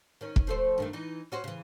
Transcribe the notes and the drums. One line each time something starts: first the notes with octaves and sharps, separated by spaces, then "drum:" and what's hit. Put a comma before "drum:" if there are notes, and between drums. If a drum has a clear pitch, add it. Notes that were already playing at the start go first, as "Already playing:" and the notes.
D#3 C#4
drum: kick
F3 A3 C5
G2 D#3 A3
E3 D#4
C#4 F#4 C5
C#3 E3